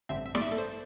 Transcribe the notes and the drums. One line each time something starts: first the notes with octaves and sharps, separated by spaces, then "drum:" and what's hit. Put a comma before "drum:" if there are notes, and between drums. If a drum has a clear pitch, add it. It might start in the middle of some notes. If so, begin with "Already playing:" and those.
A1 G2 D3 C4 E5
E5
D5, drum: snare
E5
A4
C5